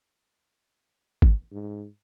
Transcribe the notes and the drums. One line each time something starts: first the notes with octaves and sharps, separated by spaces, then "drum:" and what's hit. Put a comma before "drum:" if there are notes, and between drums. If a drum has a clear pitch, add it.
drum: kick
G#2